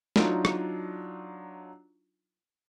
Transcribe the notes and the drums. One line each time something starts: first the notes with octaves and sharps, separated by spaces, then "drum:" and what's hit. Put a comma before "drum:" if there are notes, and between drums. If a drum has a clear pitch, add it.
F#3 D4 D#4 F4, drum: snare
drum: rim click